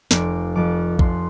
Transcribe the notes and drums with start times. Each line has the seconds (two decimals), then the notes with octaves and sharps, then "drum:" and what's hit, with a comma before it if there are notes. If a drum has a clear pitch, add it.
0.11 F1 D6, drum: snare
0.55 F2 F3 D6
0.99 F1 C6, drum: kick A#1